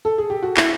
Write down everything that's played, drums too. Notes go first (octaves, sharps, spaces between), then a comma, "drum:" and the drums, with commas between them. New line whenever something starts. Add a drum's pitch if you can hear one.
A4
G#4
G4
F#4
E4, drum: clap